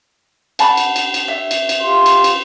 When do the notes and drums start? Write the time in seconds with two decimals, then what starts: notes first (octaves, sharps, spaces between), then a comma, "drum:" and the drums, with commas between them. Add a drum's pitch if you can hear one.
0.59 F#5 A5 B5, drum: cymbal
0.77 drum: cymbal
0.96 drum: cymbal
1.14 drum: cymbal
1.28 E5
1.51 drum: cymbal
1.69 drum: cymbal
1.82 F4 G4 C6
2.06 drum: cymbal
2.24 drum: cymbal